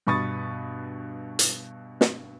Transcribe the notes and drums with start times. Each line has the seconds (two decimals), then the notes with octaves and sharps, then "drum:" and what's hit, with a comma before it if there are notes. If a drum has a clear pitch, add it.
0.07 G2 B2 B5 C#6 D#6 A6
1.39 drum: hi-hat
2.01 drum: snare